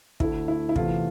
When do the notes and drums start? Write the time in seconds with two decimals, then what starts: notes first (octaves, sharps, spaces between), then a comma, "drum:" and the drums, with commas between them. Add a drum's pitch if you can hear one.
0.20 D2 D3 A3 E4, drum: kick
0.48 E4
0.69 E4
0.76 E2 C3 E3 A3 F4, drum: kick